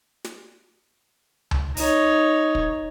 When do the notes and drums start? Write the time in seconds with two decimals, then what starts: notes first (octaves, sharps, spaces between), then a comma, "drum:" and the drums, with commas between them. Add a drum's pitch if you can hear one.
0.24 drum: snare
1.51 drum: tom C#2
1.77 D#4 C#5, drum: open hi-hat
2.55 drum: kick